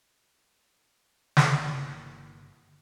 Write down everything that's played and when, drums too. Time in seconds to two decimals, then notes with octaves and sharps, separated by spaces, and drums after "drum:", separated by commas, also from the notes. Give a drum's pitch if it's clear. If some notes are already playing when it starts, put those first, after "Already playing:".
1.37 drum: snare
1.54 G1 E3 A#3